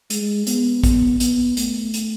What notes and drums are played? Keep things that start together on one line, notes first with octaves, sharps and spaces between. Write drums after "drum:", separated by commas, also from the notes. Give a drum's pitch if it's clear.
G#3, drum: hi-hat
B3, drum: hi-hat
B3, drum: kick, hi-hat
B3, drum: hi-hat
A3, drum: hi-hat
drum: hi-hat